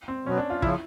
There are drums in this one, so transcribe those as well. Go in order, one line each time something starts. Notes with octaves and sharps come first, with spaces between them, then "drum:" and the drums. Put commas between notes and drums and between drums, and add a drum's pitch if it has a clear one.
C4
B2 F#3 B3 C#4
D4
F4
C#3 F3 E4, drum: kick